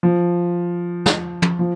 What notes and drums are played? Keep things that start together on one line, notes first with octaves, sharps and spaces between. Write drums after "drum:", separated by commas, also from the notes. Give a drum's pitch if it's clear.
F3
drum: snare
drum: tom
F3